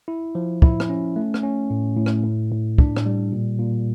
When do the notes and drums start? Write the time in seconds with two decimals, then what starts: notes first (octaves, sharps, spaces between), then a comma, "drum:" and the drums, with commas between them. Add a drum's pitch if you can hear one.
0.08 E4
0.35 F3
0.62 E4, drum: kick
0.80 drum: rim click
0.89 C#4
1.16 A3
1.34 drum: rim click
1.43 C#4
1.70 A2
1.97 A2
2.06 drum: rim click
2.24 A2
2.52 A2
2.78 D4, drum: kick
2.96 drum: rim click
3.06 G3
3.32 A#2
3.59 A#2